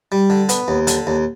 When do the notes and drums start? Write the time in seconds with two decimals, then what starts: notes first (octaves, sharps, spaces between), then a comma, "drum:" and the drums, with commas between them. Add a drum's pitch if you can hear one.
0.12 G3
0.30 D3
0.49 B3, drum: hi-hat
0.68 D#2
0.87 D3, drum: hi-hat
1.07 D#2